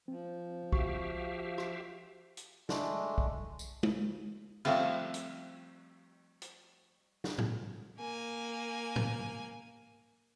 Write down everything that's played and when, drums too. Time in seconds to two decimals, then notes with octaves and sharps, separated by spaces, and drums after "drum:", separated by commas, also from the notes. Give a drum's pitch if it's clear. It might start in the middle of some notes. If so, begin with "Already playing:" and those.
0.08 F3 C4
0.72 F#4 G4 E5 F5 C#6, drum: kick B1
1.58 drum: rim click
2.37 drum: hi-hat
2.69 G#3 A3 D4, drum: snare
3.18 drum: kick B1
3.59 drum: tambourine
3.83 drum: tom
4.65 F3 G3 A3 C4 F4, drum: cymbal
5.14 drum: hi-hat
6.42 drum: hi-hat
7.24 drum: snare
7.38 drum: tom G#2
7.98 A#3 G#5
8.96 drum: tom G#2